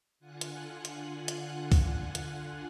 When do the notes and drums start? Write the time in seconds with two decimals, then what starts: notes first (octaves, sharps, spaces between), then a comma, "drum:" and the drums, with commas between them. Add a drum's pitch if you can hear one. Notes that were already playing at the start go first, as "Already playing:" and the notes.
0.20 D3 F4 F#5 G#5 F#6
0.41 drum: hi-hat
0.85 drum: hi-hat
1.28 drum: hi-hat
1.72 drum: kick C2, open hi-hat
2.15 drum: hi-hat